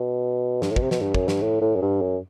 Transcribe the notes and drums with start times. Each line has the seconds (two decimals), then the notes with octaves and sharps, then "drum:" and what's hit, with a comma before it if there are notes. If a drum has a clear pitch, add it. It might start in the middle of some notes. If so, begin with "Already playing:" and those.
Already playing: B2
0.62 G2, drum: snare
0.71 A2
0.76 B2, drum: kick
0.82 C3
0.91 B2, drum: snare
1.01 G2
1.15 F#2, drum: kick
1.28 G2, drum: snare
1.42 A2
1.62 A2
1.76 F#2
1.82 G2
2.02 F#2